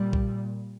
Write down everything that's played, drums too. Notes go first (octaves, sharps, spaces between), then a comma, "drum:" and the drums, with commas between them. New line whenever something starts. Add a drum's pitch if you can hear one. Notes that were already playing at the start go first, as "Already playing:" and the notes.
Already playing: A#2 G3
drum: kick A#1